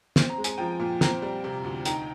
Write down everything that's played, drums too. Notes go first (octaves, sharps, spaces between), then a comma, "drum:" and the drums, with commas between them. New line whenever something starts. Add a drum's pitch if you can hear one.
C4 C6, drum: snare
A#5
G#3
G#5, drum: hi-hat
F3 G5 A#5
A#2
C4 G5 A#5, drum: snare
G3
C3
D2
D#4 G5 A#5, drum: hi-hat